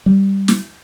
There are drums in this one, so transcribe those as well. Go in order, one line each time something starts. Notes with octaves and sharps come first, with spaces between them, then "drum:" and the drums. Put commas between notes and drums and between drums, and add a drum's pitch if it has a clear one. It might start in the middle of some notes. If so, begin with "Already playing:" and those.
G3
drum: snare